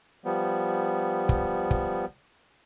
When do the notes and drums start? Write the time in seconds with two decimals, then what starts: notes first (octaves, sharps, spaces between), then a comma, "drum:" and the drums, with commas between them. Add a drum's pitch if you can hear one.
0.25 F3 G3 B3
1.29 drum: kick
1.71 drum: kick